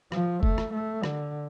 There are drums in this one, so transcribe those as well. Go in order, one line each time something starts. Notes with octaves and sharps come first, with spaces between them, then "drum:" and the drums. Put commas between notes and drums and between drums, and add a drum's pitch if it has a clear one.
F3, drum: rim click
A3, drum: kick
drum: rim click
A3
D3, drum: rim click